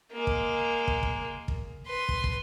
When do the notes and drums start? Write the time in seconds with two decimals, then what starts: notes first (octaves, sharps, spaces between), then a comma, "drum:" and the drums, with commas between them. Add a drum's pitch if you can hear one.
0.12 G#3 A#3
0.27 drum: kick
0.88 drum: kick
1.03 drum: kick
1.48 drum: kick
1.86 B4 C6
2.09 drum: kick
2.24 drum: kick